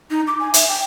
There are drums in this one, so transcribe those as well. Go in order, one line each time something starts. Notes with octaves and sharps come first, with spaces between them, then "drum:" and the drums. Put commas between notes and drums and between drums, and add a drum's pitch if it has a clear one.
D#4
D6
G#5
E5, drum: hi-hat
G5